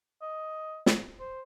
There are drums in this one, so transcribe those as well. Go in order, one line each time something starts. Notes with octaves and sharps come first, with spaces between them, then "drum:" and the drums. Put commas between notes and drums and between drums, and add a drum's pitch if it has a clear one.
D#5
drum: snare
C5